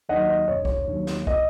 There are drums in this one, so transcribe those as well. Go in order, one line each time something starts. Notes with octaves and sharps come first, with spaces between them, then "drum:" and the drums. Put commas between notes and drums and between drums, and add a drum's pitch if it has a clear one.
D#2 D#3 F#3 D#5 F#5
D#5
E1 C#5
C#5, drum: kick
D#2 D#3 F#3
drum: snare
D#5, drum: kick